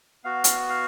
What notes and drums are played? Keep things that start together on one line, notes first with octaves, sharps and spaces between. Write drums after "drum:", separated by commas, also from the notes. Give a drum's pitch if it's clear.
B3 F#4 F5
drum: hi-hat
F5